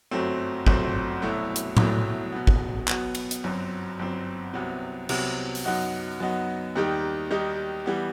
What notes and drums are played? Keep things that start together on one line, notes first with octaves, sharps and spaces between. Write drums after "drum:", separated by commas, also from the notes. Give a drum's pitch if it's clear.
G1 F#2 F#3 A3 C4
G1 F#2 F#3 A3 C4, drum: kick G#1
C2 B2 F#3 A3 E4
drum: hi-hat
C2 B2 F#3 A3 E4, drum: tom A2
B2 F#3 B3
drum: kick G#1
B2 F#3 B3, drum: clap
drum: cymbal
drum: hi-hat
G1 F#2 F#3 C4
G1 F#2 F#3 C4
C2 C3 F#3 B3
C2 C3 F#3 B3, drum: cymbal
drum: open hi-hat
F#2 F#3 B3 D#4 F#4
F#2 F#3 B3 D#4 F#4
D#2 D#3 G3 D#4 G4
D#2 D#3 G3 D#4 G4
E3 G3 B3